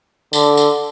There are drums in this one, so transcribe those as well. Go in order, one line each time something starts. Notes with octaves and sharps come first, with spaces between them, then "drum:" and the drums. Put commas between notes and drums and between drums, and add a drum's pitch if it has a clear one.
D3, drum: tambourine
drum: tambourine